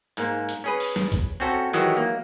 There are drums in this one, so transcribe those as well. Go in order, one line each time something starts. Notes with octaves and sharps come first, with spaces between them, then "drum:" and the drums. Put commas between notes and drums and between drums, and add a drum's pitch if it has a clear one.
G#2 A#3, drum: hi-hat
drum: hi-hat
C#4 G#4 B4
drum: open hi-hat
drum: snare
drum: kick, hi-hat
C4 C#4 F#4 A4
D#3 E3 F#3 G#3 F#4 G4, drum: hi-hat
A#3